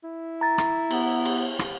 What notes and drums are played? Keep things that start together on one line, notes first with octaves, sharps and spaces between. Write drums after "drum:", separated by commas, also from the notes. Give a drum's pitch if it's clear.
E4
A#5 A6
drum: rim click
B3, drum: cymbal
drum: cymbal
drum: rim click